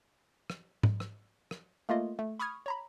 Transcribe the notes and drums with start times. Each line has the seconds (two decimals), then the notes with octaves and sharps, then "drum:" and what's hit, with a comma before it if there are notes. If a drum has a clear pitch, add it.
0.50 drum: rim click
0.83 drum: tom
1.00 drum: rim click
1.51 drum: rim click
1.89 A3 A#3 F4 D#5
2.19 A3
2.39 B5 C#6 D#6 F6 G#6
2.66 C#5 A#5 B5